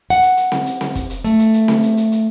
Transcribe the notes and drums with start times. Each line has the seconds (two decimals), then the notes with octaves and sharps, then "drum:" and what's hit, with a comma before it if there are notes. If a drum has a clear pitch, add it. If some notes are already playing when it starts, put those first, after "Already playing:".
0.10 F#5, drum: hi-hat
0.23 drum: hi-hat
0.37 drum: hi-hat
0.52 drum: snare C4
0.66 drum: hi-hat
0.81 drum: snare C4
0.95 drum: kick, hi-hat
1.10 drum: hi-hat
1.24 A3, drum: hi-hat
1.39 drum: hi-hat
1.54 drum: hi-hat
1.68 drum: snare C4
1.83 drum: hi-hat
1.97 drum: hi-hat
2.12 drum: hi-hat